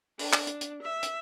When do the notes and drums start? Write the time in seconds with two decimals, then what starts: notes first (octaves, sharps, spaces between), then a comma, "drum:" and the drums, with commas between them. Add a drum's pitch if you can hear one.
0.19 D4, drum: open hi-hat
0.33 drum: clap
0.47 drum: hi-hat
0.61 drum: hi-hat
0.83 E5
1.03 drum: hi-hat